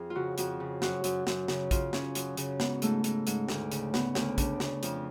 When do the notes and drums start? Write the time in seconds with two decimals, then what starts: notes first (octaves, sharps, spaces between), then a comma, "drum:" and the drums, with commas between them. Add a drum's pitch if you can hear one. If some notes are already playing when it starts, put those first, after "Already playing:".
Already playing: F2 G#4
0.10 F4
0.15 C#3 F#4
0.38 F2 F#4, drum: hi-hat
0.60 C#3
0.82 F#2 F#4, drum: snare
1.04 F#2, drum: hi-hat
1.27 F#2, drum: snare
1.48 C#3, drum: snare
1.71 C#3 F4, drum: kick, hi-hat
1.93 C#3 C#4, drum: snare
2.15 F#2, drum: hi-hat
2.37 C#3, drum: hi-hat
2.60 G#2 B3, drum: snare
2.82 G#2 A3, drum: hi-hat
3.04 G#2, drum: hi-hat
3.27 G#2, drum: hi-hat
3.48 D2, drum: snare
3.72 C#3, drum: hi-hat
3.94 C#3 B3, drum: snare
4.15 D2 C#4, drum: snare
4.38 C#3 D4, drum: kick, hi-hat
4.60 C#3, drum: snare
4.83 F2, drum: hi-hat